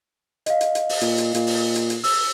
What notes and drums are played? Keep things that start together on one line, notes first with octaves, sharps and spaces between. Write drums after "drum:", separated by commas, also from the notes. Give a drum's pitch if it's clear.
D#5 F5, drum: hi-hat
drum: hi-hat
drum: hi-hat
drum: open hi-hat
A#2, drum: hi-hat
drum: hi-hat
A#2, drum: hi-hat
drum: open hi-hat
drum: hi-hat
drum: hi-hat
E6, drum: open hi-hat